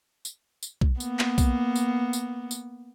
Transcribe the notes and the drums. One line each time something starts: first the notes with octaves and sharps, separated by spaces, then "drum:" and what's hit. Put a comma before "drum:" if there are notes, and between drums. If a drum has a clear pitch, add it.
drum: tambourine
drum: tambourine
drum: kick B1
A#3 B3, drum: tambourine
drum: clap
drum: kick B1, tambourine
drum: tambourine
drum: tambourine
drum: tambourine